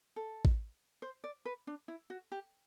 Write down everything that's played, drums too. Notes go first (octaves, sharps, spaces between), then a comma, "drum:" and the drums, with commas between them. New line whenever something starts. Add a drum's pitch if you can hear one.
A4
drum: kick A1
C5
D5
B4
D4
E4
F#4
G4